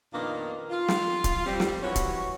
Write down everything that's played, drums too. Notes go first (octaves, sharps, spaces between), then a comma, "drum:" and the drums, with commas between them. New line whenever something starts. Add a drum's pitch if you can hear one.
F2 A#2 D#3 A#3 B3 D4
F4
drum: snare
drum: kick, hi-hat
G3 C4
drum: snare
E3 C#4 F#4 C#5
drum: kick, hi-hat